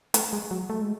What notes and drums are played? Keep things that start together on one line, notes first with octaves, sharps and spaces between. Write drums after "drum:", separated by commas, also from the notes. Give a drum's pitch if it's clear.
A3, drum: hi-hat
G#3
F#3
A3
G#3